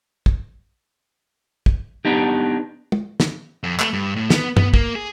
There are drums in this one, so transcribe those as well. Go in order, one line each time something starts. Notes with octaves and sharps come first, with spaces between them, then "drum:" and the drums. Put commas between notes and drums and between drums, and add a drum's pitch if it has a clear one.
drum: kick
drum: kick
B3 D4 D#4 G4
drum: tom
drum: snare
F2
A3, drum: clap
G2
A2
B3, drum: snare
B3, drum: tom
A#3, drum: kick
G#4